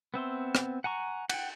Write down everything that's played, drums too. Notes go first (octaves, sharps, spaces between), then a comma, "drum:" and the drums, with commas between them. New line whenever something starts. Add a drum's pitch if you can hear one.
B3 C4 E5 C6
drum: rim click
F#5 G#5 A#5 C#6
F#5 G5, drum: cymbal